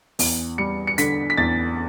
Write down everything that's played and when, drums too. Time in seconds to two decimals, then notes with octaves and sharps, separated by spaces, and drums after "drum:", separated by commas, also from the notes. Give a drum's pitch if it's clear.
0.19 E2, drum: open hi-hat
0.58 G3 C#7
0.87 C#7
0.98 D3 B6, drum: hi-hat
1.30 B6
1.37 E2 A6